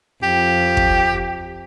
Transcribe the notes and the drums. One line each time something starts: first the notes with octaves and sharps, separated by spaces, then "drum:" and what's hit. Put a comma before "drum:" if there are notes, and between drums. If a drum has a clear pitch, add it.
F2 G4
drum: kick